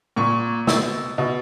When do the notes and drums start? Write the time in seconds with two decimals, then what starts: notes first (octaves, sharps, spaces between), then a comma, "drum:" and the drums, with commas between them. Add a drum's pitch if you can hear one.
0.16 A#2 C#6
0.67 B2 E6, drum: snare
1.18 B2